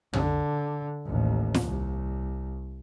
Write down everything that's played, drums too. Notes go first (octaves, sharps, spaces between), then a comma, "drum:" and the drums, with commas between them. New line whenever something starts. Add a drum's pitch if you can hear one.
D3, drum: tom
A1 D#2
drum: snare
C2